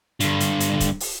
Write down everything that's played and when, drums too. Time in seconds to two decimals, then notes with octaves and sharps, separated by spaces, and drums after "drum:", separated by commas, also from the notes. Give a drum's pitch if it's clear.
0.20 G2 D3, drum: hi-hat
0.40 drum: hi-hat
0.60 drum: hi-hat
0.80 drum: kick C#1, hi-hat
1.00 drum: open hi-hat